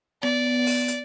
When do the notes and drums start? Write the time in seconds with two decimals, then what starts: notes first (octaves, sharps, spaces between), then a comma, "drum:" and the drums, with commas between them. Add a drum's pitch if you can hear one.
0.23 B3 D5, drum: rim click
0.66 drum: open hi-hat
0.88 drum: hi-hat